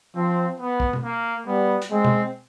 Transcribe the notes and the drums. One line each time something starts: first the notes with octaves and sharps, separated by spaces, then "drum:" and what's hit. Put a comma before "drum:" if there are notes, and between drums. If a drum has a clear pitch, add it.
F3 C4
B3
drum: kick
drum: tom B2
A#3
G3 B3
drum: hi-hat
G#3 C4
drum: tom B2